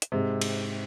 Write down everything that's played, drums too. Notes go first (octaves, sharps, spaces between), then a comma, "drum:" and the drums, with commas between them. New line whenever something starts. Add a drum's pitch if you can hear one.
drum: hi-hat
G#2 C3
drum: cymbal